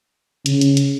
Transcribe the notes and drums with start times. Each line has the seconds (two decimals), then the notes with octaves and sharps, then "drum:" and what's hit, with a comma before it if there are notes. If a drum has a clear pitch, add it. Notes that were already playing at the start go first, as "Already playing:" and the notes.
0.46 C#3, drum: hi-hat
0.61 drum: hi-hat
0.77 drum: hi-hat